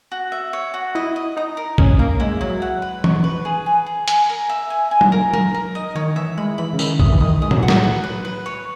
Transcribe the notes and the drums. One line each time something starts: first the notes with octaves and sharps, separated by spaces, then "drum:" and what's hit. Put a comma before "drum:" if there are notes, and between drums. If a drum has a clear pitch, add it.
F#4
E5
C#5
F#4
E4 D#5
D#5
D#4 A#5
A#4
C#4 D#5, drum: kick A#1
A#3 A#4
G#3 E4
F#3 E4
F#5
B4
C#6, drum: tom
B4
G#4
G#5
G#4
G#5, drum: hi-hat
A#4
E5
G#5
G#5
drum: tom
A#4
A#4, drum: tom
A#4
D#5
D#3 C#5
E3 E5
G#3 B5
E3 B5
C#3
D#3 E5, drum: tambourine
D#3 D#6, drum: kick A#1
E3
D#3 D#6
G#3 D#6
F#3, drum: tom A2
E3
F#5
F#3, drum: snare
B4
B4
B4
C#5